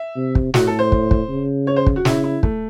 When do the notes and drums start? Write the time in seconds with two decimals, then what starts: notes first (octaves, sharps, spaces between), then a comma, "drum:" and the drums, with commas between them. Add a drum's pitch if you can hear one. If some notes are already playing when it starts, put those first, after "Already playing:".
Already playing: E5
0.16 C3
0.35 drum: kick
0.54 A2 F#4, drum: snare
0.67 A4
0.79 C5
0.92 drum: kick
1.11 drum: kick
1.29 C#3
1.67 C#5
1.76 C5
1.86 drum: kick
1.96 F#4
2.05 C#3 E4, drum: snare
2.24 E4
2.43 A3, drum: kick